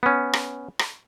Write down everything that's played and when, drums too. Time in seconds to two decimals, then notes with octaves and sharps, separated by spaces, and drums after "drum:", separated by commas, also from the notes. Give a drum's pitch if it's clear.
0.03 B3 C#4
0.33 drum: rim click
0.79 drum: rim click